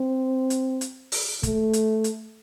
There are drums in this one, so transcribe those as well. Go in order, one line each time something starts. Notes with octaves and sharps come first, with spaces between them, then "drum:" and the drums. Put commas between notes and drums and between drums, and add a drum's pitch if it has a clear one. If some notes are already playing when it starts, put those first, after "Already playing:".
Already playing: C4
drum: hi-hat
drum: hi-hat
drum: open hi-hat
A3, drum: kick, hi-hat
drum: hi-hat
drum: hi-hat